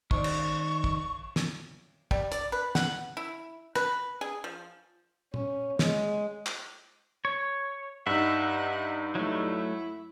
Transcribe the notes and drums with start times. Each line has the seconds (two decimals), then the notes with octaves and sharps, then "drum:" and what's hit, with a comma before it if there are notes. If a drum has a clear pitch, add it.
0.11 D#3 C5 D5 C#6, drum: kick
0.24 drum: cymbal
0.84 drum: kick
1.36 drum: snare
2.11 G3, drum: kick
2.32 D5, drum: hi-hat
2.52 B4
2.75 F#5, drum: snare
3.17 E4
3.75 B4, drum: rim click
4.21 G#4
4.44 F3
5.34 C#4, drum: tom A#2
5.79 G#3, drum: snare
6.46 drum: clap
7.25 C#5
8.07 G2 D#4 E5 F#5
9.15 F#3 A3 E4